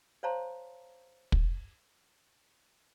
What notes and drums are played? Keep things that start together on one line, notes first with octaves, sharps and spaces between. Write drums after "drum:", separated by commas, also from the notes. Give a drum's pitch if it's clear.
C5 C#5 F5 A5 A#5 C6
drum: kick